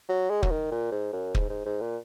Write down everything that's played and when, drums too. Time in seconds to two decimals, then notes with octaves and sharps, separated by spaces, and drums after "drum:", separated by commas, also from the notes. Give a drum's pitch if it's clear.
0.09 F#3
0.30 G#3
0.43 F#3, drum: kick
0.51 D#3
0.71 A#2
0.92 G#2
1.13 F#2
1.35 G#2, drum: kick
1.50 G#2
1.65 G#2
1.81 A#2